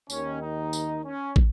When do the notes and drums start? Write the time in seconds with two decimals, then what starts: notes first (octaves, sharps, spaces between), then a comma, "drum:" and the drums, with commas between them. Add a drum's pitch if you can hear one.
0.10 D#2 D#3 C#4, drum: tambourine
0.42 D#4
0.73 drum: tambourine
1.04 C#4
1.36 drum: kick